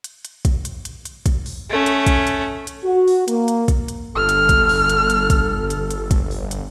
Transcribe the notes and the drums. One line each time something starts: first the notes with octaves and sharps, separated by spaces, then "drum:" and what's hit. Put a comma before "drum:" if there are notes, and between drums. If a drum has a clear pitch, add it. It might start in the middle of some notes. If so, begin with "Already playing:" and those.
drum: hi-hat
drum: hi-hat
drum: kick, hi-hat
drum: hi-hat
drum: hi-hat
drum: hi-hat
drum: kick, hi-hat
drum: open hi-hat
A3 C#4
drum: hi-hat
drum: kick, hi-hat
drum: hi-hat
drum: hi-hat
F#4
drum: open hi-hat
A#3, drum: hi-hat
drum: hi-hat
drum: kick, hi-hat
drum: hi-hat
G1 A4 F6
drum: hi-hat
drum: kick, hi-hat
drum: open hi-hat
drum: hi-hat
drum: hi-hat
drum: kick, hi-hat
drum: hi-hat
drum: hi-hat
drum: kick, hi-hat
drum: open hi-hat
drum: hi-hat